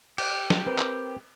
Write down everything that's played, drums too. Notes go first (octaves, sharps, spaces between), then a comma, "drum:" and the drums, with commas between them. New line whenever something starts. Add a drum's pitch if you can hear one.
G4, drum: cymbal
drum: snare
C4 A#4 B4
drum: clap